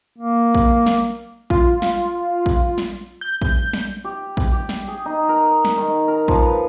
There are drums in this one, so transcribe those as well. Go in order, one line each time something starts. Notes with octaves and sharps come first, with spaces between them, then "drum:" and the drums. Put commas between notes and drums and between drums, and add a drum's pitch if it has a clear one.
A#3
drum: kick
drum: snare
F4, drum: kick
drum: snare
drum: kick
drum: snare
G6
drum: kick
drum: snare
G4
drum: kick
G4
drum: snare
G#4
D#4
A#4
drum: snare
D#3
A#4
F3, drum: kick
B4